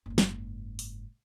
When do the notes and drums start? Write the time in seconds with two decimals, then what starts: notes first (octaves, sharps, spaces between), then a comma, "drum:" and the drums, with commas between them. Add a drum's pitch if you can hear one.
0.06 F#1 G#2
0.18 drum: snare
0.79 drum: open hi-hat